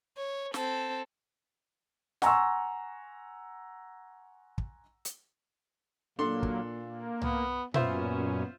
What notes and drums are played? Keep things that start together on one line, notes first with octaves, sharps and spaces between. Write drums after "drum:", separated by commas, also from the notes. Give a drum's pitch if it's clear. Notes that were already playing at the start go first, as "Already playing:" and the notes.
C#5
C4 A4, drum: snare
F#5 G#5 A#5 C6 C#6 E6, drum: snare
drum: kick
drum: hi-hat
A#2 F#3 A#3 D4 A4 C6
drum: kick
A#3
B3, drum: tom C2
F#2 A#2 B3 C#4 F4 C5 E5, drum: tom A#2